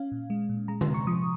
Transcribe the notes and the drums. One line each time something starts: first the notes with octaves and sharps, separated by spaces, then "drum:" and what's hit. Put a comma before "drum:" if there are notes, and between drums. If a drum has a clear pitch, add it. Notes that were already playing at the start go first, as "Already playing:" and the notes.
Already playing: C#4 F5
A#2
G#3
A#2
G#3 A#5
C6, drum: tom D3
C3
C#6
F3 D#6